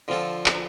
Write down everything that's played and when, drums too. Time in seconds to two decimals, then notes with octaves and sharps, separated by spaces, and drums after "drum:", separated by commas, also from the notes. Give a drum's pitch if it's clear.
0.08 D3 F3 C4 F4 A4
0.46 drum: clap